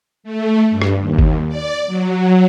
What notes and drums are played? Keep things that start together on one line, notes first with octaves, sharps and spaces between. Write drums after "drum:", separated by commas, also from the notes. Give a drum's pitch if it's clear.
A3
G2
drum: rim click
D#2
drum: kick G1
D5
F#3